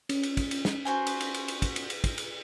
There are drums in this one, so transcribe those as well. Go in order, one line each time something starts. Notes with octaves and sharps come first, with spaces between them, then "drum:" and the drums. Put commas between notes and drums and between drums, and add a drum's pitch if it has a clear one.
C#4, drum: cymbal
drum: cymbal
drum: kick, cymbal
drum: cymbal
drum: snare
F#4 C5 G#5
drum: cymbal
drum: cymbal
drum: cymbal
drum: cymbal
drum: kick, cymbal
drum: cymbal
drum: cymbal
drum: kick, cymbal
drum: cymbal